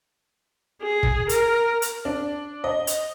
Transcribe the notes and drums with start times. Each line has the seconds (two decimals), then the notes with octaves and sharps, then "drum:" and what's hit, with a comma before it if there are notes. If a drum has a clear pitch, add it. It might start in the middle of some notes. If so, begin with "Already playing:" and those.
0.82 G#4
1.03 drum: kick
1.29 A#4, drum: hi-hat
1.82 drum: hi-hat
2.05 D4
2.64 D#5
2.87 drum: hi-hat